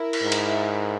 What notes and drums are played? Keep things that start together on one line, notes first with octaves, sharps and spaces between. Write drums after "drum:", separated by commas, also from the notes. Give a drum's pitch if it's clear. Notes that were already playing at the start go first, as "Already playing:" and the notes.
Already playing: E4 A#4 E5
drum: cymbal
G#2
drum: cymbal